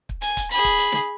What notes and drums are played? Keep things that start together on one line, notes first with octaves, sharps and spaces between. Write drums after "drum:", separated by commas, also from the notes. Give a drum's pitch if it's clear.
drum: kick
G#5, drum: hi-hat
drum: kick, hi-hat
G#4 B5, drum: hi-hat
drum: kick, hi-hat
drum: hi-hat
drum: snare